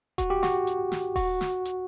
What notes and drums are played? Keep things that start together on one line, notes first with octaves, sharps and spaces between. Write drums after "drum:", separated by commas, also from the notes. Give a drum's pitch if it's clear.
F#4, drum: kick D#1, hi-hat
G4
F#4, drum: snare
drum: hi-hat
drum: snare
F#4, drum: kick D#1, open hi-hat
drum: snare
drum: hi-hat